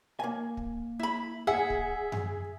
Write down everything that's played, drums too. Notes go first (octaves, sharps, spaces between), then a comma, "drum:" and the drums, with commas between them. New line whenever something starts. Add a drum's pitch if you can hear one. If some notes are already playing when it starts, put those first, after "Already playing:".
A#3 G#5
drum: kick
E4 B5
G#4 E5 F#5
drum: kick
drum: tom F#2